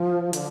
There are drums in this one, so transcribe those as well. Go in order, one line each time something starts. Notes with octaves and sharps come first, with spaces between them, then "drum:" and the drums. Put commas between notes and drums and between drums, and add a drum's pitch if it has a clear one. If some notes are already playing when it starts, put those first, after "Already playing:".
Already playing: F3
D3, drum: hi-hat